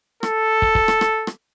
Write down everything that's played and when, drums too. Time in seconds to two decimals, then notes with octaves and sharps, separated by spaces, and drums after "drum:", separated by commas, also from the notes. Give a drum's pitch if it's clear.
0.23 A4, drum: rim click
0.62 drum: kick
0.75 drum: kick
0.88 drum: rim click
1.01 drum: rim click
1.27 drum: rim click